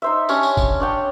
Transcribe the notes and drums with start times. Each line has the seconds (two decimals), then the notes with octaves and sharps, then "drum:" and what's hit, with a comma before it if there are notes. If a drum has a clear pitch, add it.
0.02 D#4 C5 E5
0.29 C#4 D4 G4, drum: tambourine
0.43 drum: tambourine
0.57 drum: kick, tambourine
0.80 D4 C#5 G5